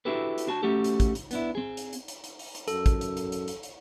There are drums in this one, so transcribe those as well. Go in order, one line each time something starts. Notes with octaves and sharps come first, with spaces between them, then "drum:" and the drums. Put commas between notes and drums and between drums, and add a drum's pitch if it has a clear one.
D4 E4 F#4 G4 A4 B4
drum: hi-hat
D4 F#4 A5
A3 C#4 F#4 G4 A4
drum: hi-hat
drum: kick, hi-hat
drum: hi-hat
B3 D4 E4, drum: hi-hat
C4 G#4
drum: hi-hat
drum: hi-hat
drum: hi-hat
drum: hi-hat
drum: open hi-hat
drum: hi-hat
F#2 A4, drum: hi-hat
drum: kick, hi-hat
drum: hi-hat
drum: hi-hat
drum: hi-hat
drum: hi-hat
drum: hi-hat